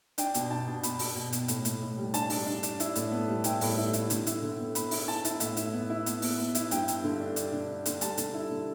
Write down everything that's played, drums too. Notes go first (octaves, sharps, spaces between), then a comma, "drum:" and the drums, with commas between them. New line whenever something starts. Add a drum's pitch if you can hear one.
D4 G5, drum: hi-hat
B2, drum: hi-hat
D4 A5
B2
B3 B5, drum: hi-hat
B2, drum: open hi-hat
B2
B2, drum: hi-hat
A2, drum: hi-hat
A2, drum: hi-hat
A2
G3
D4 A5, drum: hi-hat
D4, drum: open hi-hat
D4
D4, drum: hi-hat
E4, drum: hi-hat
A2, drum: hi-hat
B3
G3
E4 G5, drum: hi-hat
A2, drum: open hi-hat
E4
E4, drum: hi-hat
D3, drum: hi-hat
E4, drum: hi-hat
D3
B3
B3 B5, drum: hi-hat
E4, drum: open hi-hat
E4 A5
E4, drum: hi-hat
A2 E5, drum: hi-hat
E4, drum: hi-hat
B3
E4
B3, drum: hi-hat
B3, drum: open hi-hat
B3
E4, drum: hi-hat
G2 G5, drum: hi-hat
G2, drum: hi-hat
D3
D4
D4, drum: hi-hat
D3
D4
D3, drum: hi-hat
G3 A5, drum: hi-hat
D3, drum: hi-hat
E4
D3